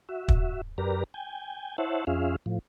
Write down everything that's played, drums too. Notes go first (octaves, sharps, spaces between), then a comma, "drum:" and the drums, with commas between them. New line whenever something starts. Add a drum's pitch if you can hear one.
F#4 E5
drum: kick
F#2 G4 A#4 B4 D5 A#5
G5 G#5
E4 C5 C#5 E5 F#5 A5
F2 C#4 F4 G#4 E5 F5
A2 F3